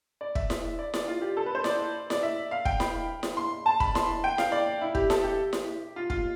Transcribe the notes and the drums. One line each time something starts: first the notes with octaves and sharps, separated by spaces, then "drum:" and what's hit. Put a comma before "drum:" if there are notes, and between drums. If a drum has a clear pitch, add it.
D5
E5, drum: kick
drum: snare E4
D5
D5, drum: snare E4
F4
G4
A4
B4
C5
D5, drum: snare E4
D5, drum: snare E4
E5
F5
G5, drum: kick
B5, drum: snare E4
drum: snare E4
C6
A5
B5, drum: kick
C6, drum: snare E4
G5
F5, drum: snare E4
D5
E4
G4, drum: kick
A4, drum: snare E4
G4
drum: snare E4
F4
F4, drum: kick